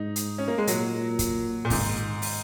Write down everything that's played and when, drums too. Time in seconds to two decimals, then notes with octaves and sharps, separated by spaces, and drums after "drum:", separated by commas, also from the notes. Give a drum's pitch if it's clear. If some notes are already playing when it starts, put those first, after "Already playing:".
Already playing: G#2 D#4
0.16 drum: hi-hat
0.38 C#4
0.48 A#3
0.58 G#3
0.67 A#2 F#3, drum: hi-hat
1.19 drum: kick, hi-hat
1.65 A#2
1.70 G#2 D#3, drum: kick, open hi-hat
2.22 drum: open hi-hat